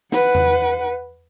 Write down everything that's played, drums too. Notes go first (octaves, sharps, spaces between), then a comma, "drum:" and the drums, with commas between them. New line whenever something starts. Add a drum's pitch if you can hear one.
B4 F#5, drum: snare
drum: tom E2